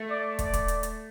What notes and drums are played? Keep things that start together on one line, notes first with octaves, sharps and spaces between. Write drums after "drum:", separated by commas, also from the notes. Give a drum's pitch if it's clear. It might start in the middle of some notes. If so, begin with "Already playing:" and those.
Already playing: A3
D5
D5, drum: kick, hi-hat
drum: kick, hi-hat
drum: hi-hat
drum: hi-hat